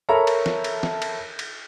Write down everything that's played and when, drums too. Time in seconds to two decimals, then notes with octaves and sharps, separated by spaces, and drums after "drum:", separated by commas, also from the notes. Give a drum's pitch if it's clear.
0.09 A4 A#4 C#5 E5 A#5 B5
0.27 drum: cymbal
0.46 drum: snare
0.64 drum: cymbal
0.83 drum: snare
1.02 drum: cymbal
1.39 drum: cymbal